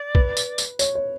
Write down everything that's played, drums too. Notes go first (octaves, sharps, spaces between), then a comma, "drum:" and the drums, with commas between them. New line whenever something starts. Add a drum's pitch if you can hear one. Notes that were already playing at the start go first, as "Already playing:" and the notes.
Already playing: D5
B4, drum: kick
drum: tambourine
drum: tambourine
C#5, drum: tambourine
C#5